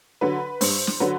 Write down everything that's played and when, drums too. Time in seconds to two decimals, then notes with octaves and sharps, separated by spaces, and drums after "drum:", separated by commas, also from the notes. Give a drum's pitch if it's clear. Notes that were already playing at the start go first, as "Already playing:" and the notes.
0.21 D3 F#3 B4
0.61 G2 C5, drum: open hi-hat
0.87 drum: snare
1.00 D3 F#3 B4